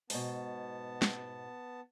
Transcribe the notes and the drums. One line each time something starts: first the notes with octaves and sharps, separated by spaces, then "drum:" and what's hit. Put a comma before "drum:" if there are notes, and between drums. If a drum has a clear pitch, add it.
G#2 B2 B3 A5, drum: open hi-hat
drum: snare